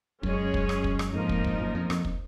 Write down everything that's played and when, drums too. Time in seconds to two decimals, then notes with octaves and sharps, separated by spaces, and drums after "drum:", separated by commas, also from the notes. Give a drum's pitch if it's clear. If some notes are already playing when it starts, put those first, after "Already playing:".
0.23 F#2 G#3 C#4 G#4 C#5, drum: kick
0.54 drum: kick
0.69 drum: rim click
0.84 drum: kick
0.99 drum: rim click
1.13 F2 G#2 F3 A#3 D#4 A#4
1.29 drum: kick
1.44 drum: kick
1.59 F#2 A#2
1.75 F2
1.90 F2, drum: rim click
2.05 drum: kick